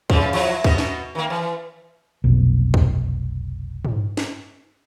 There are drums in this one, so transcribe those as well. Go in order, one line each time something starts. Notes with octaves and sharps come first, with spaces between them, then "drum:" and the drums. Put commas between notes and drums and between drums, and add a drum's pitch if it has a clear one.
C#3 E3 F3, drum: kick C#2
F3 F#3 E4, drum: cymbal
B2 F#4 D#5, drum: kick C#2
drum: snare
D#3 A#3
E3
F1 B1
drum: kick C#2
drum: tom
drum: snare